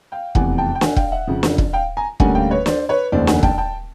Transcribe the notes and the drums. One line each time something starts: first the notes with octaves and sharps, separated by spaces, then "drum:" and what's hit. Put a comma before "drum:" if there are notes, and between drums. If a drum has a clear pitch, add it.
F5 G5
F1 E2 C3 F#5 G#5, drum: kick
G5 A5
G5
F#5 G#5, drum: snare
F5 G5, drum: kick
E5 F#5
F2 C#3 F3
drum: snare
drum: kick
F5 G5
G#5 A#5
D2 D3 G3 A#3 C#4 F#5 G#5, drum: kick
F5 G5
B4 C#5
C5 D5, drum: snare
B4 C#5
F1 D#2 C#3 C5 D5
F#5 G#5, drum: snare
G5 A5, drum: kick
G5 A5